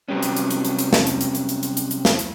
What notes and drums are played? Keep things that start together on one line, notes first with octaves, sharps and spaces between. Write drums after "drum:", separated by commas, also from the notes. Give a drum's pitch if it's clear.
C3 F#3 G3 B3 C#4
drum: hi-hat
drum: hi-hat
drum: hi-hat
drum: hi-hat
drum: hi-hat
drum: snare
drum: hi-hat
drum: hi-hat
drum: hi-hat
drum: hi-hat
drum: hi-hat
drum: hi-hat
drum: hi-hat
drum: snare
drum: hi-hat